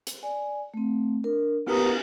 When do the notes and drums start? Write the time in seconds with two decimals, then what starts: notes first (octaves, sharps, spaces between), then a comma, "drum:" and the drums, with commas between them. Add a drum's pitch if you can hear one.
0.07 drum: hi-hat
0.23 D5 G#5
0.74 A3 C4
1.24 D4 A#4
1.67 B3 G4 A#4 B4 A#5 D#6, drum: cymbal